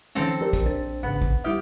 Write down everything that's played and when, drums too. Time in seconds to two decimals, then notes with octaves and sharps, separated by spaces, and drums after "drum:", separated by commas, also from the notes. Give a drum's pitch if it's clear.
0.15 D#3 F3 C4 C#4 A4 A#5
0.41 F3 G4 A#4 D5
0.53 drum: kick, hi-hat
0.66 A#1 D4 C5 A6
1.03 A1 G#2 C#3 B3
1.22 drum: kick
1.44 G3 E4 G4 E5 D#6 F6 G6